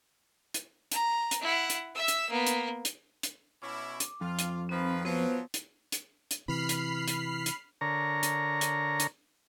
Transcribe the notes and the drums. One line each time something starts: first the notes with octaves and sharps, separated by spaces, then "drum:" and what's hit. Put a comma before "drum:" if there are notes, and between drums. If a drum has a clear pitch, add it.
drum: hi-hat
A#5, drum: hi-hat
drum: hi-hat
E4 F#5
drum: hi-hat
E5 E6
drum: hi-hat
A#3 B3
drum: hi-hat
drum: hi-hat
drum: hi-hat
B2 C#4 E4 D6
drum: hi-hat
F2 F4
drum: hi-hat
D#3 F3 C4 B4 B5
F3 F#3 B3 B4 C5
drum: hi-hat
drum: hi-hat
drum: hi-hat
C3 E3 B5 F6 C7
drum: hi-hat
drum: hi-hat
drum: hi-hat
D3 A#4 C#5 A#5
drum: hi-hat
drum: hi-hat
drum: hi-hat